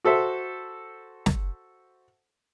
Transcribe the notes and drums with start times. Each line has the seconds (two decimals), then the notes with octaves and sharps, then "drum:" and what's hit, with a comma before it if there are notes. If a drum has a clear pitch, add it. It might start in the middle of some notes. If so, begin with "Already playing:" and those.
0.04 F#4 A4 C5 E5
1.26 drum: snare